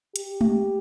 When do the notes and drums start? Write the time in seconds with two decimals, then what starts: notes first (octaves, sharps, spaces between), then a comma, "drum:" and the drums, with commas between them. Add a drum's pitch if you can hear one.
0.16 G4, drum: hi-hat
0.41 drum: tom G#3